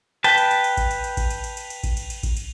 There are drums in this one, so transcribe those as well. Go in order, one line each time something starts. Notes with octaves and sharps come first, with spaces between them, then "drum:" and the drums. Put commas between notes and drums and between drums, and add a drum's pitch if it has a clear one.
B4 G5 A5, drum: cymbal
drum: cymbal
drum: cymbal
drum: cymbal
drum: kick A1, cymbal
drum: cymbal
drum: cymbal
drum: kick A1, cymbal
drum: cymbal
drum: cymbal
drum: cymbal
drum: cymbal
drum: kick A1, cymbal
drum: cymbal
drum: cymbal
drum: kick A1, cymbal
drum: cymbal